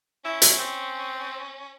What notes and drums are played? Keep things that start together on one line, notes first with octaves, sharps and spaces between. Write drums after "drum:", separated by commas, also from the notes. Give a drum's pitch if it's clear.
C#4 E4
drum: hi-hat
C4